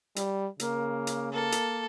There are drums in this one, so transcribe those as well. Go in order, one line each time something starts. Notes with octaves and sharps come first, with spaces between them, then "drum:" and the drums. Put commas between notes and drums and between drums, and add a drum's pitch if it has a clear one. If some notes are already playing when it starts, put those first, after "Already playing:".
G3, drum: hi-hat
C#3 A#3, drum: hi-hat
drum: hi-hat
A#3 A4
drum: hi-hat